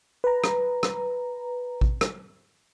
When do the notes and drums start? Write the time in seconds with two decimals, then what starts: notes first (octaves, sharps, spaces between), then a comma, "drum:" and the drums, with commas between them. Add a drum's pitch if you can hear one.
0.24 B4 A#5
0.44 drum: rim click
0.83 drum: rim click
1.81 drum: kick A1
2.01 drum: rim click